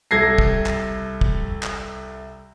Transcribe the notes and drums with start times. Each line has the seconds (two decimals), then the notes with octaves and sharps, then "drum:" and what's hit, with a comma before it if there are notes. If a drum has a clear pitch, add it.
0.11 C2 A4 G#6 A#6 C7
0.38 drum: kick
0.66 drum: clap
1.21 drum: kick
1.63 drum: clap